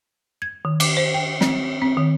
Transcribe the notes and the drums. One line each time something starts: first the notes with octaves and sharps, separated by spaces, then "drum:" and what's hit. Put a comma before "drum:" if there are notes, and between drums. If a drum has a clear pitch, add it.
G#6
D#3
D6, drum: cymbal
C5
G5
C4, drum: snare
C4
D#3